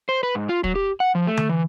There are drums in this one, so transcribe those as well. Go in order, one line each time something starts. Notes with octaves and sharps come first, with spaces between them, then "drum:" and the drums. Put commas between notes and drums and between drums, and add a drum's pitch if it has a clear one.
C5
B4
G#2
F4
F#3, drum: kick
G4
F#5
F3
A3
drum: tom D3
E3